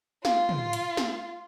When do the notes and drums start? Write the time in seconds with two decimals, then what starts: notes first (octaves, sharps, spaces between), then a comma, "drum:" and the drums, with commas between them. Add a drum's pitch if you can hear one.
0.25 F4 F5, drum: snare
0.49 drum: tom
0.73 drum: hi-hat
0.97 drum: snare